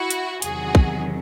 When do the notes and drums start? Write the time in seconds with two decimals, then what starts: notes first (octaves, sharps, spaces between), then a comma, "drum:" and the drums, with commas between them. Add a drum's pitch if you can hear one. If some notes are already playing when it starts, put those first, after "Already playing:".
Already playing: E4 F#4
0.11 drum: hi-hat
0.42 E2 C3 D#3 F#3 F#4 G#4, drum: hi-hat
0.75 drum: kick